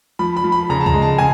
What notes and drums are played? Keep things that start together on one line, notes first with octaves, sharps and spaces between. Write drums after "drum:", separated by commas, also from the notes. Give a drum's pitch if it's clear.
F3 B5
B5
F3
B5
C#3 A#5
A5
A#5, drum: kick C#2
G#3
A5
C#3 G#5